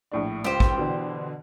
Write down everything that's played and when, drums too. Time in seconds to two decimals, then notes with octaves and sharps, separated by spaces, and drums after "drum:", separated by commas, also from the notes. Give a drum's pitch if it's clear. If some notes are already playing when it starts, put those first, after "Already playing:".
0.11 A#1 A2 D4
0.44 C#2 F4 G4 C5
0.60 drum: kick
0.77 B2 D3 E3